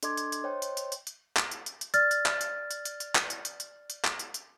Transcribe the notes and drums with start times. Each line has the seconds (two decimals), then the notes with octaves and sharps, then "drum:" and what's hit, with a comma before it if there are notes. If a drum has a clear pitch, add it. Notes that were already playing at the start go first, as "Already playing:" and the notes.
0.03 D4 A4 D#5 C6 D6 G#6, drum: hi-hat
0.17 drum: hi-hat
0.32 drum: hi-hat
0.44 C5 C#5 D#5 G5 C6
0.62 drum: hi-hat
0.77 drum: hi-hat
0.92 drum: hi-hat
1.07 drum: hi-hat
1.37 drum: clap
1.51 drum: hi-hat
1.66 drum: hi-hat
1.81 drum: hi-hat
1.94 D5 F6 A6, drum: hi-hat
2.11 drum: hi-hat
2.26 drum: clap
2.41 drum: hi-hat
2.71 drum: hi-hat
2.85 drum: hi-hat
3.00 drum: hi-hat
3.15 drum: clap
3.30 drum: hi-hat
3.45 drum: hi-hat
3.60 drum: hi-hat
3.90 drum: hi-hat
4.05 drum: clap
4.19 drum: hi-hat
4.34 drum: hi-hat